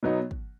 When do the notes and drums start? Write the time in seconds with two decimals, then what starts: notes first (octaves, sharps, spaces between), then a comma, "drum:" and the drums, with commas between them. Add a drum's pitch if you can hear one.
0.03 B2 F#3 B3 D#4
0.31 drum: kick